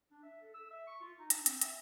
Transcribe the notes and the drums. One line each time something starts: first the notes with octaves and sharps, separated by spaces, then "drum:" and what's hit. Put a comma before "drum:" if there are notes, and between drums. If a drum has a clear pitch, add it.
D4
E5
A4
E6
E5
C#6
F4
D#4
D4, drum: hi-hat
C4, drum: hi-hat
E5, drum: hi-hat